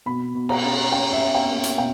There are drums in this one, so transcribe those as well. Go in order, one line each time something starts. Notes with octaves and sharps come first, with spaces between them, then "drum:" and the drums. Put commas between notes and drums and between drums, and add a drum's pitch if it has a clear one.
B2 B5
B2
A#5, drum: cymbal
C#4
C#4 G5
E5
C#4
G5
A#3
drum: hi-hat
B2 G5